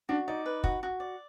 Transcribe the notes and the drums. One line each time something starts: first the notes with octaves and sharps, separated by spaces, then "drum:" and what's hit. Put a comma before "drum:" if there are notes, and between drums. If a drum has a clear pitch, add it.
D4 F#4
D#4 D5
B4
F#4, drum: kick
F#4
D5